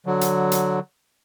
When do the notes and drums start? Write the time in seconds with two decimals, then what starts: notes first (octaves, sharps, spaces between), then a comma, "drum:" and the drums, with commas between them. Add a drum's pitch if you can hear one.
0.06 D3 F#3
0.21 drum: hi-hat
0.52 drum: hi-hat